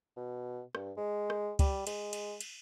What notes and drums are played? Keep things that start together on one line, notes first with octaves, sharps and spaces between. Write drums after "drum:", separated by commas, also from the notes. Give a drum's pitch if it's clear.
B2
G2, drum: rim click
G#3
drum: rim click
G3, drum: kick C#2, cymbal
G#3, drum: cymbal
drum: cymbal
drum: cymbal